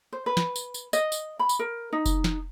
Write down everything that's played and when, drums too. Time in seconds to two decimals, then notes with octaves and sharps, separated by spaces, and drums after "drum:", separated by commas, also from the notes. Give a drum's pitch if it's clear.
0.13 C5
0.26 B4
0.37 drum: snare
0.56 drum: tambourine
0.74 drum: tambourine
0.93 D#5, drum: tambourine
1.12 drum: tambourine
1.39 B5
1.49 drum: tambourine
1.59 A#4
1.93 D#4
2.06 drum: kick F1, tambourine
2.24 drum: snare